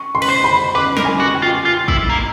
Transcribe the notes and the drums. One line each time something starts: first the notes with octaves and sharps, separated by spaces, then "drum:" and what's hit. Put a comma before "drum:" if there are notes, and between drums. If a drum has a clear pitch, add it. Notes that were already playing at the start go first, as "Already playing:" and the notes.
Already playing: C#6
C6
B4, drum: cymbal
C5
B5
B4 D6
A#4, drum: snare
G#5
F#4
G5
F4
F4
E4, drum: kick
A#3